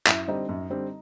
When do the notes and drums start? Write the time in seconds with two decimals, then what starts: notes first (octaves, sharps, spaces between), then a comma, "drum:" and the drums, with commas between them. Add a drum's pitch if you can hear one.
0.07 F#2 E4 E5, drum: clap
0.28 D3 G3 C4 D#4 D#5
0.49 F#2
0.70 D3 G3 C4